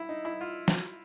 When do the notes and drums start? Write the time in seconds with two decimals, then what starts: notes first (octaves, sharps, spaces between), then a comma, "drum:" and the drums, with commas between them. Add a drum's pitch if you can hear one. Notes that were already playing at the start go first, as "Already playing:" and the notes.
Already playing: E4
0.09 D#4
0.25 E4
0.41 F4
0.68 drum: snare